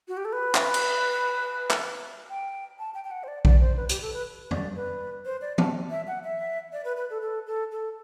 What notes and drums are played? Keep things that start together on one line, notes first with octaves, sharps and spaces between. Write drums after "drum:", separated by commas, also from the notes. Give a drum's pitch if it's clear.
F#4
G4
A4
B4
drum: clap
drum: cymbal
drum: clap
G5
A5
G5
G5
F#5
C5
D5
D5, drum: kick A#1
C5
B4
G4, drum: hi-hat
A4
B4
D5, drum: tom F2
B4
C5
D5
A5, drum: tom E3
E5
F#5
E5
D5
B4
B4
A4
A4
A4
A4